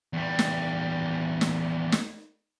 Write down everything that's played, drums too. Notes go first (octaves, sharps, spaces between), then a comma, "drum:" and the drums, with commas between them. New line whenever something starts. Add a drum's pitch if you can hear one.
E2 G3
drum: snare
drum: snare
drum: snare